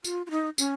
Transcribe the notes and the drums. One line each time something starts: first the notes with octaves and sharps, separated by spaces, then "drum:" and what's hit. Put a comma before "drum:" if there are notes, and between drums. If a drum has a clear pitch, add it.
F4, drum: tambourine
F4
D#4
C#4, drum: tambourine